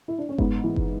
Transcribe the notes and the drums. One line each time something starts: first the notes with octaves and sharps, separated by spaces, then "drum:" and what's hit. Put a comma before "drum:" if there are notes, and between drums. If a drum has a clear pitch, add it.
E4
D4
C#4
G#2 B3, drum: kick F#1
E3
drum: kick F#1